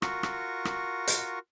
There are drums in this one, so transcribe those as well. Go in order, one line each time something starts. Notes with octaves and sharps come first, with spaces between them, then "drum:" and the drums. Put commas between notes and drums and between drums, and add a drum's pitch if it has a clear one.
F4 F#4 A#4 C#6, drum: rim click
drum: rim click
drum: rim click
drum: hi-hat